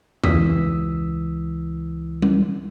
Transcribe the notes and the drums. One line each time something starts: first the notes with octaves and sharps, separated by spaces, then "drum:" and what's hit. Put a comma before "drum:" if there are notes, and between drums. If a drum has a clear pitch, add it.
C#2 E3 D#6 E6 B6, drum: tom E2
drum: tom G3